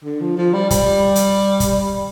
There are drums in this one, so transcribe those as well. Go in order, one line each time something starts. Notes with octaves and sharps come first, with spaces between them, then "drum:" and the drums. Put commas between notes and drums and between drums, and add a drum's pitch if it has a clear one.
D3
F3
F3
G3
G3, drum: kick, hi-hat
drum: hi-hat
drum: kick, hi-hat